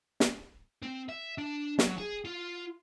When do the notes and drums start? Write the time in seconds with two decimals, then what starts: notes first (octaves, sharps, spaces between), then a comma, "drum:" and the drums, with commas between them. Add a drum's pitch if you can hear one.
0.20 drum: snare
0.83 C4
1.09 E5
1.38 D4
1.79 F#3, drum: snare
1.98 G#4
2.25 F4